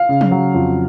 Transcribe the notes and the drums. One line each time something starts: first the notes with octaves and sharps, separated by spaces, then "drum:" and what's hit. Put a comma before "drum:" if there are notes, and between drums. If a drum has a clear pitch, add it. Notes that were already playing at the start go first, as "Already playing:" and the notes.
Already playing: F5
C#3
drum: tom F3
F#3
F2